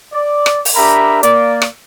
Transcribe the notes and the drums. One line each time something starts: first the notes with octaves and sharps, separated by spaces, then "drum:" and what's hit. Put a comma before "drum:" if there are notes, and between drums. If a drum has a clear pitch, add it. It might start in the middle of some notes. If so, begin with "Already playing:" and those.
D5
drum: rim click
drum: open hi-hat
D4 G4 A#4 E5 A#5 B5
A#3 D5, drum: hi-hat
drum: rim click